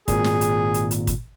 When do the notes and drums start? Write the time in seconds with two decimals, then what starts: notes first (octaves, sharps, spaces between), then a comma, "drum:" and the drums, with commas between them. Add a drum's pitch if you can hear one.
0.08 G#1 A#2 G#4, drum: kick, hi-hat
0.24 drum: snare
0.41 drum: hi-hat
0.74 drum: hi-hat
0.91 drum: hi-hat
1.07 drum: kick, hi-hat